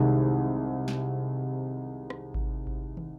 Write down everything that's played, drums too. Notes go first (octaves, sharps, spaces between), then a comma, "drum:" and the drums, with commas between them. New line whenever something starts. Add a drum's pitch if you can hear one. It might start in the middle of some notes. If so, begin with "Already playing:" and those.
Already playing: C2 C3 D#3 G#3
drum: snare
drum: rim click
drum: kick G#1
drum: kick G#1
drum: tom